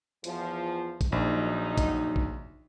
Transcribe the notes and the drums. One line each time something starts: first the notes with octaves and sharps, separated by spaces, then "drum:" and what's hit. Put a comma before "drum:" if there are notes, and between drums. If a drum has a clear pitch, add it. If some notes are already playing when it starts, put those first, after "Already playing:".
E2 F3, drum: hi-hat
drum: kick G#1, hi-hat
A#1 F#3 D#4
drum: kick G#1, hi-hat
drum: kick G#1